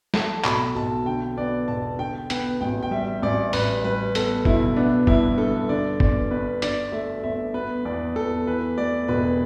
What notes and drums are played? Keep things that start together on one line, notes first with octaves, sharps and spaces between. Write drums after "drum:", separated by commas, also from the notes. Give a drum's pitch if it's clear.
A3 A5, drum: snare
B1 B5, drum: clap
B1 A5
D3 G5
B3 D5
E1 A5
D3 G5
B3 G5, drum: hi-hat
A1 G5
G5
G3 E5
A1 D5
A1 B4, drum: open hi-hat
G3 B4
B3 A4, drum: hi-hat
B1 E4, drum: kick F#1
B3 D4
G2 E4, drum: kick F#1
G2 A4
D3 D5
G1 D5, drum: kick F#1
G1 B4
D3 D5, drum: hi-hat
A3 E5
G1 E5
B3 B4
E2 D5
E2 A4
E3 B4
A3 D5
E1 B4